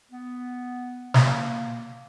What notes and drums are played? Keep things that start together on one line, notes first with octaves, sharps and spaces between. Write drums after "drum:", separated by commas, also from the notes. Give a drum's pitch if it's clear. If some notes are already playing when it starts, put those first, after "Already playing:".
B3
A#3, drum: snare